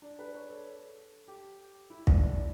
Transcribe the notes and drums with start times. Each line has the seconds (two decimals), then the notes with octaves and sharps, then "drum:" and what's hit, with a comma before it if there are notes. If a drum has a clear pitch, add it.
0.02 D4
0.19 B4
0.35 C#5
0.50 A4
1.28 G4
1.90 E4
2.07 D4, drum: kick